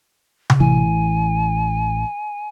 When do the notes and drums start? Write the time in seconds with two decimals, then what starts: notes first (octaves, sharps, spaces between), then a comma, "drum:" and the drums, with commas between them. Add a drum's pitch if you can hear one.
0.50 drum: tom C3
0.60 A1 E3 G#5